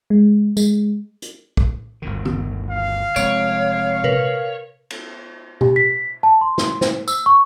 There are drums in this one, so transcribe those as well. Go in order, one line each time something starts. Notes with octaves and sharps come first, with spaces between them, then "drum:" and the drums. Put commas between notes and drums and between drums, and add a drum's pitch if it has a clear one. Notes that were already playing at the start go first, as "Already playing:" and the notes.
G#3
G#3, drum: tambourine
drum: hi-hat
drum: kick
G1 D2 D#3
drum: tom
F5
F1 G#3 C4 C#5 D7, drum: tambourine
A#4 B4, drum: tom C3
drum: cymbal
G4, drum: tom B2
B6
A5
C6
drum: snare
C5, drum: snare
E6, drum: tambourine
C#6